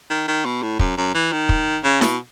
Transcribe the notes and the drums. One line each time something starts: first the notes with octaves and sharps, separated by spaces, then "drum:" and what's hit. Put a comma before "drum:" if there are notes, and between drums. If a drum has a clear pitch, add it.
D#3
D#3
B2
A2
F#2, drum: kick
F#2
E3
D#3
drum: kick
C#3
B2, drum: snare E4